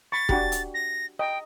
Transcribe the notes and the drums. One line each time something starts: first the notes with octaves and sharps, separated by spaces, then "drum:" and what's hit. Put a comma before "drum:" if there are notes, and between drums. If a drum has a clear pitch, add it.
B5 C#6 A6
D4 F#4 G4, drum: kick
drum: hi-hat
A#6
D#5 G5